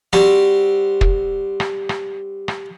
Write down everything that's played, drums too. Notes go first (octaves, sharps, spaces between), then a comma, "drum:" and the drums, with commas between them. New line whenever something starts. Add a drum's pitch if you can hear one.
G3 C4 F#4, drum: rim click
drum: kick
drum: rim click
drum: rim click
drum: rim click